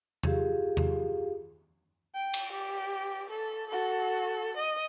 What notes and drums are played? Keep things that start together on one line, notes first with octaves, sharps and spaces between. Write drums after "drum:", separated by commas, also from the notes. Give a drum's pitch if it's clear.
F4 G4 G#4 F5, drum: tom E2
drum: tom E2
G5
drum: cymbal
G4
A4
F#4 A4
D#5